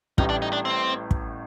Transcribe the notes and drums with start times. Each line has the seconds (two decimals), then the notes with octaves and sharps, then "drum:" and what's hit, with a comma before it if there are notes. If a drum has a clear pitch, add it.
0.18 A1 A2 G3 D#4, drum: kick
0.30 D4
0.42 D#4
0.53 D4
0.65 C4
1.11 drum: kick